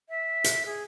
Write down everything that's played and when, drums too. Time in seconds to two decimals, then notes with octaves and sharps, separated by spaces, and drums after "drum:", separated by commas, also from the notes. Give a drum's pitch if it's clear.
0.09 E5
0.44 drum: hi-hat
0.66 G#4